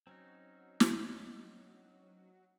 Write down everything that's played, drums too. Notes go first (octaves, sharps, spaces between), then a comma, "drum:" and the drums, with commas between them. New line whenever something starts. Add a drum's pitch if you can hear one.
F#3 C4 C#4 D#4
drum: snare